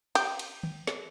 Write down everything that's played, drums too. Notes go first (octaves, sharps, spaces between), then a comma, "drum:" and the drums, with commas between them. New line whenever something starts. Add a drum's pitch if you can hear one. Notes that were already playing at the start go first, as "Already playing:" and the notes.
G4, drum: cymbal
drum: cymbal
drum: tom
drum: snare